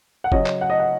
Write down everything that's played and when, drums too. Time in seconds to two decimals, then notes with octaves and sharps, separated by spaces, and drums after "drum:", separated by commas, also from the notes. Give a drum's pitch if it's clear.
0.24 F#5
0.32 C#3 F#3 C#4 D#5, drum: kick
0.46 drum: clap
0.61 F#5
0.70 D#5
0.79 F#5